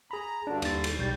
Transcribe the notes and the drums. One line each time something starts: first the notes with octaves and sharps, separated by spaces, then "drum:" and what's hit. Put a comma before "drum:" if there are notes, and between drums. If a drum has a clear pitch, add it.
G#4 A#5 B5
G2 D3 D4 F#4
D#2 A6, drum: cymbal
drum: cymbal
B1 G3 G6 A6